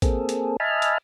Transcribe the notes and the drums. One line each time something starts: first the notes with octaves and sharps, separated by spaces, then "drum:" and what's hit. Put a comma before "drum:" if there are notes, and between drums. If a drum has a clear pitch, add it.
A#3 C4 G#4 A4, drum: kick, hi-hat
drum: hi-hat
D#5 E5 G#5 A5 B5 F6
drum: hi-hat